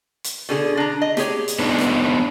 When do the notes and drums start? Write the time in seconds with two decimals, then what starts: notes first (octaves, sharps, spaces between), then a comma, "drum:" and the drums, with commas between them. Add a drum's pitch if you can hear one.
0.24 drum: hi-hat
0.49 B2 D3 G#4
0.77 D4 A#5
1.01 D#5
1.17 G4 G#4 C#5, drum: snare
1.48 drum: hi-hat
1.59 B3 D4 D#4
1.79 drum: snare